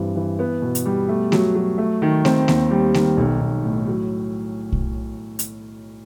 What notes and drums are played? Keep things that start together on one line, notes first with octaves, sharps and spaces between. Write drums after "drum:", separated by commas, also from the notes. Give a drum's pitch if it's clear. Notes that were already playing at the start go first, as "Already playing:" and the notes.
Already playing: G2 E3 G3 C4
E3
B3
B2
drum: hi-hat
G3
A3
F#3, drum: snare A3
F#3
A3
D#3
C4, drum: snare A3
D#2, drum: snare A3
G3
D#3, drum: snare A3
B1
B1
A2
F#3
drum: kick
drum: hi-hat